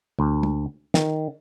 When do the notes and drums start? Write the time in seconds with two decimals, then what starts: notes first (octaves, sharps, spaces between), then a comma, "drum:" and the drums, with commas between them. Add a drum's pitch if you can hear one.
0.19 D2
0.43 drum: tom
0.94 D#3, drum: snare